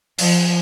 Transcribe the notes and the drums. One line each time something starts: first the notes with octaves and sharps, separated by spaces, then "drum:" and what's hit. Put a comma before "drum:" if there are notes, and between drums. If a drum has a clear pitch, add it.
F3, drum: open hi-hat